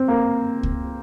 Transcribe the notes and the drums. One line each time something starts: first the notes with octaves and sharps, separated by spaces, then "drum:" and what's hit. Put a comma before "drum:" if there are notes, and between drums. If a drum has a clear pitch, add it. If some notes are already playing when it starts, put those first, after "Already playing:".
Already playing: C4
A#3
drum: kick C#2